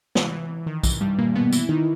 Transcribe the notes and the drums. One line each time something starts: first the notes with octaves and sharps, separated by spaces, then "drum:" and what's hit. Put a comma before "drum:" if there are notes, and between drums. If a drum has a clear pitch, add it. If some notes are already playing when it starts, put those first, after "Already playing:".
E3, drum: snare
E3
D#3
E3, drum: kick, tambourine
G2 G3
A#2 A#3
B2 B3
E3 E4, drum: tambourine
D#3 D#4